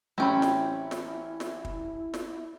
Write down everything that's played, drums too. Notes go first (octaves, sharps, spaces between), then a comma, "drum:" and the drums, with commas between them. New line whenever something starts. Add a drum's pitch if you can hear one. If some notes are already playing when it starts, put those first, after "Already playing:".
A1 C4 C#4 E4 G5 B5
drum: snare
drum: snare
drum: snare
drum: kick
drum: snare